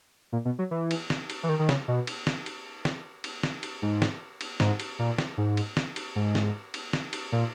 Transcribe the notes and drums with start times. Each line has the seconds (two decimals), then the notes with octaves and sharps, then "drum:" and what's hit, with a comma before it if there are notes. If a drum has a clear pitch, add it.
0.32 A#2
0.45 B2
0.59 F#3
0.71 E3
0.91 drum: cymbal
1.10 drum: snare
1.30 drum: cymbal
1.43 E3
1.49 D#3
1.59 D#3
1.69 C#3, drum: snare
1.88 B2
2.07 drum: cymbal
2.27 drum: snare
2.46 drum: cymbal
2.85 drum: snare
3.24 drum: cymbal
3.43 drum: snare
3.63 drum: cymbal
3.82 G#2
4.02 drum: snare
4.41 drum: cymbal
4.60 G#2, drum: snare
4.80 drum: cymbal
4.99 A#2
5.18 drum: snare
5.38 G#2
5.57 drum: cymbal
5.77 drum: snare
5.96 drum: cymbal
6.16 G#2
6.35 drum: snare
6.74 drum: cymbal
6.93 drum: snare
7.13 drum: cymbal
7.32 A#2